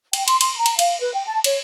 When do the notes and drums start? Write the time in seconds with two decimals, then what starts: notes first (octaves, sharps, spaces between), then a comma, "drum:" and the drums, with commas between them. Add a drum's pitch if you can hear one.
0.13 G5, drum: cymbal
0.28 C6, drum: cymbal
0.41 C6, drum: cymbal
0.57 A#5
0.66 drum: cymbal
0.79 F5, drum: cymbal
1.01 B4
1.14 G5
1.26 A5
1.44 C#5, drum: cymbal